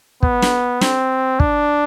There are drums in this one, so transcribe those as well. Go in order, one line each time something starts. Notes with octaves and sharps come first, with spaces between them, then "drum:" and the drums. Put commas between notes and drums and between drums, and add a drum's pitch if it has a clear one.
B3, drum: kick
drum: snare
C4, drum: snare
D4, drum: kick